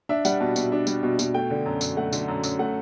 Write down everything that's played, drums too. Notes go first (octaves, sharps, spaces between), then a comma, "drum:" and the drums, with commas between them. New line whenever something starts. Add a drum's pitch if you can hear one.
D4 E5
G3 F#5, drum: tambourine
B2 A5
B2, drum: tambourine
D4
G3, drum: tambourine
B2
B2, drum: tambourine
A3 G5
D3
F#2
F#2, drum: tambourine
A3 F#5
D3, drum: tambourine
F#2
F#2, drum: tambourine
A3 F#5